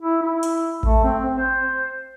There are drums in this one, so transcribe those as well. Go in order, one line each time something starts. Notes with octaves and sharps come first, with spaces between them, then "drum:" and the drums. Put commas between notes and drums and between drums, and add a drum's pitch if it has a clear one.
E4
E4
drum: hi-hat
A3, drum: kick A1
C4
C4
C5